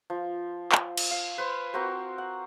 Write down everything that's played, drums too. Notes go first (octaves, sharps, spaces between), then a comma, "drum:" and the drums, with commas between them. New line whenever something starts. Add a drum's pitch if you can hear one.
F3
drum: clap
drum: cymbal
F5
B4 C5
C4 F#4 A#4 C5
F#5